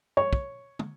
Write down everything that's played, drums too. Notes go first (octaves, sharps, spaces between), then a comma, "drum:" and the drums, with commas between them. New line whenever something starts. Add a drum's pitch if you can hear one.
C#5, drum: tom
drum: kick
drum: tom